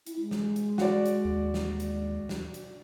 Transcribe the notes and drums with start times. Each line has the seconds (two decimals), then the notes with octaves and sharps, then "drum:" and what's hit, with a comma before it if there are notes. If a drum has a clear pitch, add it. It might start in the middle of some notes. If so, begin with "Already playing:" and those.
0.06 E4, drum: hi-hat
0.20 G#3
0.31 drum: snare
0.56 drum: hi-hat
0.78 F#4 D5, drum: snare
1.06 drum: hi-hat
1.25 D#2
1.54 G#3, drum: snare
1.80 drum: hi-hat
2.29 drum: snare
2.54 drum: hi-hat